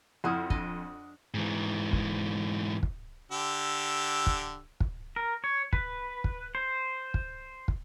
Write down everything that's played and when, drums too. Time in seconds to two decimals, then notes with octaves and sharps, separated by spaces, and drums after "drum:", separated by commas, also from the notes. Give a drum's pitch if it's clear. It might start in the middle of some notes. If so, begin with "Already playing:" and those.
0.24 F2 E4 C5 F#5 D#6 F6
0.50 D4 D#5, drum: kick
1.34 G#2 E3
1.93 drum: kick
2.83 drum: kick
3.32 D3 G4 E6
4.27 drum: kick
4.80 drum: kick
5.16 A#4
5.44 C#5
5.73 B4, drum: kick
6.24 drum: kick
6.55 C5
7.14 drum: kick
7.68 drum: kick